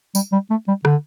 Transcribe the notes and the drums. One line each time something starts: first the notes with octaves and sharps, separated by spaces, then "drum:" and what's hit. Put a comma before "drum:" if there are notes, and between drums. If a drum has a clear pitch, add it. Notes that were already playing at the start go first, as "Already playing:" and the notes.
G3, drum: tambourine
G3
A3
G3
D3, drum: rim click